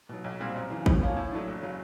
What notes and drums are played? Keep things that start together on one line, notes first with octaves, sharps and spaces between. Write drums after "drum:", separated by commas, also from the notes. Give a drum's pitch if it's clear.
B2 F#3
B1
A#2 G3 C4
F#2
C#3 E3
A2, drum: kick
F3 A#3 C#4
A2
F#3 A3 D4
F#1
C#3 F#3